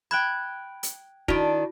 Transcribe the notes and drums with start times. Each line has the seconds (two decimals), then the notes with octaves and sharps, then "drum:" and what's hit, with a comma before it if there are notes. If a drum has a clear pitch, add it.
0.11 G5 B5 F#6 G#6
0.83 drum: hi-hat
1.28 D#3 D4 E4 F#4, drum: kick F1